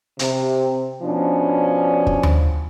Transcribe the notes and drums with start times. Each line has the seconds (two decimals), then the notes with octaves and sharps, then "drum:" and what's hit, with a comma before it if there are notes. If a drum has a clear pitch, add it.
0.19 C3, drum: hi-hat
1.02 B2 F3 C#4 D4
2.07 drum: kick
2.23 drum: tom D#2